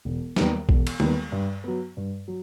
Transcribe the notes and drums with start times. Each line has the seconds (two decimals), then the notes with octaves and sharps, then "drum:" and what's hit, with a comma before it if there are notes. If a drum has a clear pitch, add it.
0.05 E1
0.36 D#2 D#3 G3 B3, drum: snare
0.69 E1, drum: kick A#1
0.87 drum: cymbal
1.00 D#2 D#3 G3 B3, drum: tom G#3
1.32 G2
1.64 F#3 B3
1.97 G2
2.28 F#3